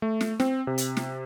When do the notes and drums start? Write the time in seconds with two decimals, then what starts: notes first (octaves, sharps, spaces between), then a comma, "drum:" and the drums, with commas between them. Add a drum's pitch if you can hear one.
0.02 A3
0.21 drum: snare
0.40 C4, drum: snare
0.67 C3
0.78 drum: hi-hat
0.97 drum: snare